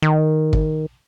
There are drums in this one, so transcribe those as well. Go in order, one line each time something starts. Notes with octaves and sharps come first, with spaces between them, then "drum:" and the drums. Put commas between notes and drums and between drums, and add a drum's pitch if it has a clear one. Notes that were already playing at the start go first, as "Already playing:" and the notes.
D#3
drum: kick